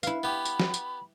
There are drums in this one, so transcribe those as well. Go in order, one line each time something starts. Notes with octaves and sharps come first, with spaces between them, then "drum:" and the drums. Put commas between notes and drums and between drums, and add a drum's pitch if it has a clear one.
E4 B4 F5, drum: tambourine
B3 G4 B5
drum: tambourine
drum: snare
drum: tambourine